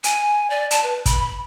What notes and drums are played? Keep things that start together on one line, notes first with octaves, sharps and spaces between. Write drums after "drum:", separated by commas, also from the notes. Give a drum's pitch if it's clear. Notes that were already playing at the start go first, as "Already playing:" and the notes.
G#5, drum: hi-hat
D5
A5, drum: hi-hat
B4
B5, drum: kick, hi-hat